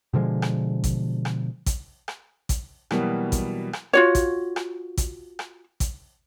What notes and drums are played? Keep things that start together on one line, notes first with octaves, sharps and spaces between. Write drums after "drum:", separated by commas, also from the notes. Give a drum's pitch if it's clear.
B2 D3 F3 G#3
drum: rim click
drum: kick A1, hi-hat
drum: rim click
drum: kick A1, hi-hat
drum: rim click
drum: kick A1, hi-hat
B2 E3 F#3 G3 A#3 B3, drum: rim click
drum: kick A1, hi-hat
drum: rim click
F4 F#4 C#5
drum: kick A1, hi-hat
drum: rim click
drum: kick A1, hi-hat
drum: rim click
drum: kick A1, hi-hat